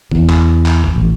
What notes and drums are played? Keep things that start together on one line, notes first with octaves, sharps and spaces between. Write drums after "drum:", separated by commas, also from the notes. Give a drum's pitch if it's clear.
E2, drum: kick F#1
drum: clap
drum: clap
drum: kick F#1
A1